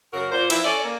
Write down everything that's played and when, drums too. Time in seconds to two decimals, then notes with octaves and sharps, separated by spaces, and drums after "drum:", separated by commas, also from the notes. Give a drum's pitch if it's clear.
0.13 F#2 C#3 F#4 A#4
0.32 A#2 C5
0.50 E3 F3 E4, drum: cymbal
0.64 C#4 A4 D5
0.84 A#3